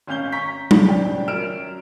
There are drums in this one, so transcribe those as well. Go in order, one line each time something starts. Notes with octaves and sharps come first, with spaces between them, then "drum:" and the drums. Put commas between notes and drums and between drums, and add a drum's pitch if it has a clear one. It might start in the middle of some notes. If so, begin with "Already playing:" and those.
G#1 C#4 F5 G6 G7
A#5 C#6 B6
drum: tom F#3
D#1 C#3 D4 G5
F#2 A#4 F6 D7 E7